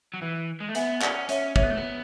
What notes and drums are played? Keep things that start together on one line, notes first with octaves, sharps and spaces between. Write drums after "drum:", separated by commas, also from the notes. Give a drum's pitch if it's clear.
F#3
E3
G#3
A3
B3 E5 G#5, drum: hi-hat
C#4 D5 F#5, drum: clap
C#4 C#5 E5, drum: hi-hat
C#4 C#5 E5, drum: kick
B3
A3
B3